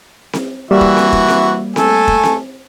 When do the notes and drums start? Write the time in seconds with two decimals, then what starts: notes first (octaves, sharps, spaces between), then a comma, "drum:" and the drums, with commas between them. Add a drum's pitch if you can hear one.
0.33 drum: snare C4
0.71 E3 G3 A#3 F#4 E5
0.81 drum: kick F1
0.97 drum: snare C4
1.13 drum: kick F1
1.28 drum: snare C4
1.76 A3 A4 G#5, drum: snare C4
2.08 drum: kick F1
2.23 drum: snare C4